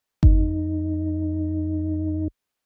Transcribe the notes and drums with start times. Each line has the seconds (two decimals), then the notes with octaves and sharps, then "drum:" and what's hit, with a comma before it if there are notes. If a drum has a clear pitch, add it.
0.23 F2 D#4, drum: kick G1